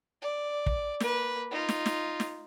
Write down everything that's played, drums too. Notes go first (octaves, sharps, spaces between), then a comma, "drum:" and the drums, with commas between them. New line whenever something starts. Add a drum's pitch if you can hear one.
D5
drum: kick
A#3 B4, drum: snare
D#4 F4
drum: snare
drum: snare
drum: snare